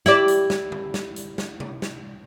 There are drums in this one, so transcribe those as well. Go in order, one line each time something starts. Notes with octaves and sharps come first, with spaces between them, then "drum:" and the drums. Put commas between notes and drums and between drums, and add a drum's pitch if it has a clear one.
E4 G4 D5, drum: snare
drum: hi-hat
drum: snare
drum: tom D3
drum: snare
drum: hi-hat
drum: snare
drum: tom C3
drum: snare